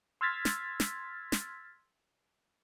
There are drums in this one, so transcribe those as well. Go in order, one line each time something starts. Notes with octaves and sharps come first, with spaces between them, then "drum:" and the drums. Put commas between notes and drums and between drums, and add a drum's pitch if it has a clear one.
C6 E6 F6 G#6 A6 B6
drum: snare
drum: snare
drum: snare